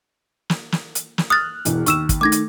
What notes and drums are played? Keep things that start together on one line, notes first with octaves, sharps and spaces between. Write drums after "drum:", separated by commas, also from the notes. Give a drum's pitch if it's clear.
drum: snare
drum: snare
drum: hi-hat
drum: snare
D#6 F6 F#6 A6
E1 E2, drum: hi-hat
D#2 C#6 E6 E7, drum: hi-hat
drum: kick, hi-hat
D#3 A3 D6 G#6 A#6
drum: hi-hat